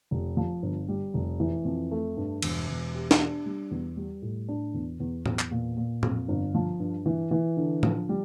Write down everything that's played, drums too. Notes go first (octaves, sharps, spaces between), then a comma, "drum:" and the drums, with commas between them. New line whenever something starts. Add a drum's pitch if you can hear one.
F1
F3
G1
G3
F1
E3
F2
A3
G2
E1, drum: cymbal
E1
G4
drum: snare
D4
G3
E2
G3
A2
D4
E2
E2
E2, drum: tom A2
drum: clap
A#2
A#2
F2, drum: tom A2
G1
F3
G2
E3
E3
D3
F3, drum: tom A2
G3